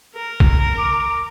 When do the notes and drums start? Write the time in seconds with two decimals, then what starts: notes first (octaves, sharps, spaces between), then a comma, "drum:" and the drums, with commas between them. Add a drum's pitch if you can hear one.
0.16 A#4
0.40 drum: kick
0.78 D6